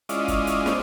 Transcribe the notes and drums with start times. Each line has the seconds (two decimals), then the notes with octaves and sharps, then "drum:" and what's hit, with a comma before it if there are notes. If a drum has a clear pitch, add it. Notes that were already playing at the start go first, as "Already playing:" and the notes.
0.09 G#3 C#4 E4 F4 D5 D#5, drum: hi-hat
0.28 drum: kick, hi-hat
0.47 drum: hi-hat
0.66 drum: snare